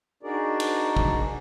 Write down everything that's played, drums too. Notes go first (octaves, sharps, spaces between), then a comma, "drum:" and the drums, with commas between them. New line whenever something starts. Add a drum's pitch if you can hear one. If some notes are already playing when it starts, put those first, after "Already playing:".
D4 D#4 F#4 G#4 A#4 D5
drum: cymbal
drum: kick